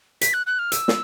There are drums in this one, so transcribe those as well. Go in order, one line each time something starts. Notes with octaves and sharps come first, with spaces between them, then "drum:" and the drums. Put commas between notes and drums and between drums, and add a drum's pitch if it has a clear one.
B6, drum: hi-hat
F#6
F#6
F6
E6, drum: hi-hat
drum: snare